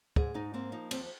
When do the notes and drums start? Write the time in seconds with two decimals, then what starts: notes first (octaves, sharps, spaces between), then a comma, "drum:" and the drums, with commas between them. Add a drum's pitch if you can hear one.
0.16 G#2 G#4, drum: kick
0.34 G#2 D#4
0.54 A#3 C4
0.72 F3 D#4
0.91 D#2 C4, drum: cymbal